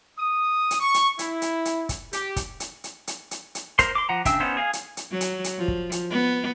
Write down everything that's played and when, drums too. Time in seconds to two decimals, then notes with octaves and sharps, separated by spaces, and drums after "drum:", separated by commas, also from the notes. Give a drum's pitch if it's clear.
0.18 D#6
0.71 drum: hi-hat
0.80 C#6
0.94 drum: hi-hat
1.19 E4, drum: hi-hat
1.42 drum: hi-hat
1.65 drum: hi-hat
1.89 drum: kick, hi-hat
2.13 G4, drum: hi-hat
2.36 drum: kick, hi-hat
2.60 drum: hi-hat
2.84 drum: hi-hat
3.07 drum: hi-hat
3.31 drum: hi-hat
3.55 drum: hi-hat
3.79 A#4 C5 C6, drum: kick, hi-hat
3.95 C6 D6
4.09 F3 F#5 A#5
4.25 C#3 D4 E5 G5 E6, drum: kick, hi-hat
4.40 B3 C#4 D#4 C5
4.57 G#4 F5 G#5
4.73 drum: hi-hat
4.97 drum: hi-hat
5.11 F#3
5.21 drum: hi-hat
5.44 drum: hi-hat
5.58 F3
5.68 drum: kick
5.92 drum: hi-hat
6.10 B3